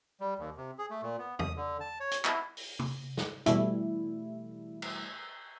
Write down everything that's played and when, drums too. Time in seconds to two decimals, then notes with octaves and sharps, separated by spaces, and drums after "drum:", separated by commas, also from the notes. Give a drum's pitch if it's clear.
0.20 G3
0.39 D#2
0.57 C3
0.78 G#4
0.90 A3
1.03 A#2
1.19 B3
1.39 D#6, drum: tom
1.56 D3
1.81 A5
2.00 C#5
2.11 drum: hi-hat
2.25 E4, drum: clap
2.57 drum: open hi-hat
2.79 drum: tom C3
3.17 drum: snare
3.46 B2 E3 G3 A3 E4, drum: hi-hat
4.82 drum: cymbal